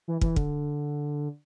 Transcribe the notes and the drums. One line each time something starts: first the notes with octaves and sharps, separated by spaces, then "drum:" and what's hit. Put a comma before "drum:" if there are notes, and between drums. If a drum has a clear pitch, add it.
E3
E3, drum: kick
D3, drum: kick